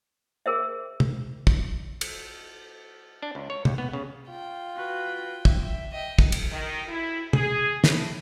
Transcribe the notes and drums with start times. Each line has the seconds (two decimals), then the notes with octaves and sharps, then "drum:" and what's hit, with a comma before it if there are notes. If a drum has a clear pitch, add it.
0.46 G#4 A#4 C5 E5
1.00 drum: tom
1.47 drum: kick
2.01 drum: cymbal
3.22 D4
3.35 C#2
3.50 C#5
3.65 D#2, drum: tom
3.78 B3
3.93 C#3
4.29 F4 G5
4.74 F#4 B4
5.45 E5, drum: kick
5.92 D#5 G5
6.19 drum: kick
6.32 drum: cymbal
6.51 D#3
6.88 E4
7.33 G#4, drum: tom
7.84 A2, drum: snare